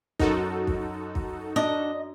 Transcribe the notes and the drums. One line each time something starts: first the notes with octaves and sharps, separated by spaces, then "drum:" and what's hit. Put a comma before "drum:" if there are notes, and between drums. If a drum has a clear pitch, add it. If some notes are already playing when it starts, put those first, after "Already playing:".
F#2 D#4 F#4 A4 A#4, drum: kick
drum: kick
drum: kick
D4 D#5